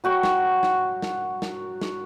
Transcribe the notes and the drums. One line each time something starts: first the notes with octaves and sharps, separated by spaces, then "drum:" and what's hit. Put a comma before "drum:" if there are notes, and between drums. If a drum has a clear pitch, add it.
F#3 F#4 G5 C#6
drum: snare
drum: snare
drum: snare
drum: snare
drum: snare